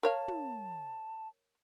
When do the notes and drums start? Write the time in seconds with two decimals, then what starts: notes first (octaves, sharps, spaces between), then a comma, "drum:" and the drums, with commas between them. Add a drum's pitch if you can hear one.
0.03 A#4 C#5 F5 A5
0.28 drum: tom